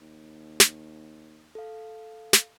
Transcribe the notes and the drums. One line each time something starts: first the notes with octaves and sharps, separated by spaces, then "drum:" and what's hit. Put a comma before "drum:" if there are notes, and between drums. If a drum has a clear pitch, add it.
D#2
drum: snare
A4 F5
drum: snare